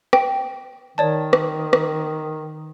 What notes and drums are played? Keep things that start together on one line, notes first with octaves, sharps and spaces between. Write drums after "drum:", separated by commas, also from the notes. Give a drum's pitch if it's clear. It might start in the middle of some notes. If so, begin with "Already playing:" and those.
G5, drum: rim click
D#3 C#5 D5 A5
drum: rim click
drum: rim click